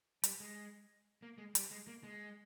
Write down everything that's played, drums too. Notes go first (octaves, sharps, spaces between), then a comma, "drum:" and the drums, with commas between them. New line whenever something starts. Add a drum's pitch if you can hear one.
G3, drum: hi-hat
G#3
A#3
G#3
G3, drum: hi-hat
G#3
A#3
G#3